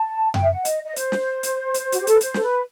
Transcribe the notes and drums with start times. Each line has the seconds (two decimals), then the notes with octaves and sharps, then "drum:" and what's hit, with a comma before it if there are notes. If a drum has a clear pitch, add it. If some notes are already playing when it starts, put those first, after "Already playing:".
Already playing: A5
0.34 G5, drum: tom F#2
0.43 E5
0.50 F#5
0.65 D#5, drum: hi-hat
0.85 D#5
0.96 C5, drum: hi-hat
1.12 drum: snare
1.43 drum: hi-hat
1.74 drum: hi-hat
1.92 F#4, drum: hi-hat
2.00 G4
2.07 A4, drum: hi-hat
2.13 B4
2.21 C5, drum: hi-hat
2.34 A4, drum: snare
2.42 B4